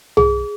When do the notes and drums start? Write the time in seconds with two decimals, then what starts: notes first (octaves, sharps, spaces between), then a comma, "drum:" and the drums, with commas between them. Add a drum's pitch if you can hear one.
0.17 G#4, drum: tom